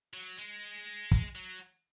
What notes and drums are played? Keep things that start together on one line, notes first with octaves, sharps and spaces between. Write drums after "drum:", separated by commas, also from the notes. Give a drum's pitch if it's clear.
F#3
G#3
drum: kick
F#3